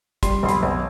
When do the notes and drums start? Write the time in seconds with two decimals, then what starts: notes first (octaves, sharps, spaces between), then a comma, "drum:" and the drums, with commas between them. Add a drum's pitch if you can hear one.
0.23 G3 C6, drum: kick, hi-hat
0.43 B1 C6
0.49 B5, drum: hi-hat
0.63 B1